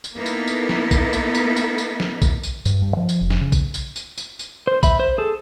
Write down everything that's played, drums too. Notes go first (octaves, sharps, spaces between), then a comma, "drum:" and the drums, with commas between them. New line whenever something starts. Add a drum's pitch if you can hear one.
drum: tambourine
A#3 B3 D#4 E4 A4
drum: tambourine
drum: tambourine
drum: snare
drum: kick A#1, tambourine
drum: tambourine
drum: tambourine
drum: tambourine
drum: tambourine
drum: snare
drum: kick A#1, tambourine
drum: tambourine
G2, drum: tambourine
G2
F3
drum: tambourine
F1
drum: snare
C#3
drum: kick A#1, tambourine
drum: tambourine
drum: tambourine
drum: tambourine
drum: tambourine
C5
E5 B5, drum: kick A#1, tambourine
C5
G#4 A4